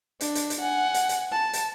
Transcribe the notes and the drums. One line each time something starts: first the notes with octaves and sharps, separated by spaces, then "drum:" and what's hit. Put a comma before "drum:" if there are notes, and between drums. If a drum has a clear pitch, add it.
D4, drum: hi-hat
drum: hi-hat
drum: hi-hat
F#5 G#5
drum: hi-hat
drum: hi-hat
A5
drum: hi-hat